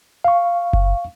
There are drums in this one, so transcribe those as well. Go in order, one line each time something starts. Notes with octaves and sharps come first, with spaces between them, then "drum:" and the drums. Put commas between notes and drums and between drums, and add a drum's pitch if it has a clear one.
F5 C#6
drum: kick F#1